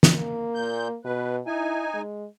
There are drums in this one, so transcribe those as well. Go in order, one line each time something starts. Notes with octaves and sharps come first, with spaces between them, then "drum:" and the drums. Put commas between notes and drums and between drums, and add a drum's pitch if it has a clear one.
drum: snare
A#3
A#2 G6
B2 B4
D#4 E4 G#5
G#3